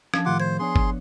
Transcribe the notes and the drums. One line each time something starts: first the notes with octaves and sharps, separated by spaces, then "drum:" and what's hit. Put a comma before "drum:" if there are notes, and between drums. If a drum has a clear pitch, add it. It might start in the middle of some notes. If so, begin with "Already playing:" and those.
F3 C#4 D4 A5, drum: rim click
A2 D#3 F4 G4 F#5 D6
C5 G#6
B3 D4 G#4 C#5 C6
drum: kick G1